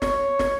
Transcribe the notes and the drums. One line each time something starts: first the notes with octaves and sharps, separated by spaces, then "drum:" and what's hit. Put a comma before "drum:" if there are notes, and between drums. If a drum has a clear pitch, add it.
C#5, drum: snare
drum: snare